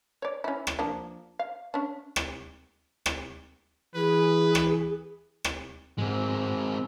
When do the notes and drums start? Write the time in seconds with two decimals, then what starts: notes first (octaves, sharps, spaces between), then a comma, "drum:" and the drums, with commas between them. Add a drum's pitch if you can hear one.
0.22 C#5 D5
0.44 C#4 E4
0.67 drum: rim click
0.79 F3 A#3 D4
1.39 F5
1.74 C#4 D4
2.16 drum: rim click
3.06 drum: rim click
3.95 E3 G#4 B4
4.55 drum: rim click
5.44 drum: rim click
5.98 G#2 G#3 C4